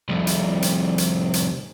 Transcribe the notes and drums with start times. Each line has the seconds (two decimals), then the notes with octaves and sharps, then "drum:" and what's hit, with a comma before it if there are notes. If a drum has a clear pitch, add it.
0.09 C2 F2
0.27 drum: hi-hat
0.62 drum: hi-hat
0.98 drum: hi-hat
1.33 drum: hi-hat